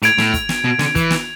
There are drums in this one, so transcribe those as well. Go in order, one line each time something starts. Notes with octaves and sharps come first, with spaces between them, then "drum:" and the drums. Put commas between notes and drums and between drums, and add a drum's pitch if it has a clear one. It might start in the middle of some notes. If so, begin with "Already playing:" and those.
A2 G#6 D7 F7, drum: hi-hat
A2, drum: snare
drum: kick, hi-hat
drum: snare
B2
D3, drum: snare
E3, drum: kick, hi-hat
drum: snare